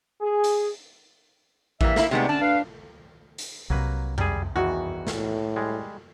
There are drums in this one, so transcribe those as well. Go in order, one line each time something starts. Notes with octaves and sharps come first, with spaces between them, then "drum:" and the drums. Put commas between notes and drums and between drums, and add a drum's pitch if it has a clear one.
G#4
drum: hi-hat
E3 G3 A#3 E5, drum: kick A1
A#3 E4, drum: snare
C3 G#3 A3 B3 D#4 D5
D3 C#4 D4 A5
B4 F5
drum: hi-hat
C2 C3 F#3 A#3 B4
G3 G#4, drum: tom F2
E2 D#3 E3 F#4
A2, drum: snare
G3 G#3